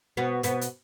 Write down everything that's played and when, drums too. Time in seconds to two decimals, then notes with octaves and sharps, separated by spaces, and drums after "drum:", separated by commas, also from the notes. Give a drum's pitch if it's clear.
0.17 B2 B3
0.43 B2 B3, drum: hi-hat
0.61 drum: hi-hat